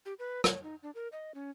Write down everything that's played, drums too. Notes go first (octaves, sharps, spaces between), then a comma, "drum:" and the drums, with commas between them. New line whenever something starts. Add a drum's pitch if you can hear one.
G4
B4
C#5, drum: rim click
D#4
D4
A#4
D#5
C#4